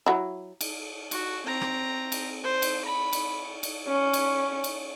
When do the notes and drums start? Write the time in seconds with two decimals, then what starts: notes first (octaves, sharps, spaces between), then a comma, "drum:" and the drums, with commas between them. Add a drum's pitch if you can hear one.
0.06 F#3 E4
0.61 drum: cymbal
1.11 F#4, drum: cymbal
1.46 C4 A#5
1.61 drum: rim click
2.12 drum: cymbal
2.44 C5
2.62 drum: cymbal
2.85 B5
3.13 drum: cymbal
3.63 drum: cymbal
3.88 C#4
4.13 drum: cymbal
4.64 drum: cymbal